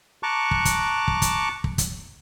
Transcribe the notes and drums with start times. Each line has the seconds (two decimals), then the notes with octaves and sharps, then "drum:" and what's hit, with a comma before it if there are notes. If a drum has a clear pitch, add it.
0.23 A5 A#5 C#6 D6 F#6
0.51 drum: kick
0.65 drum: kick, hi-hat
1.08 drum: kick
1.22 drum: kick, hi-hat
1.64 drum: kick
1.78 drum: kick, hi-hat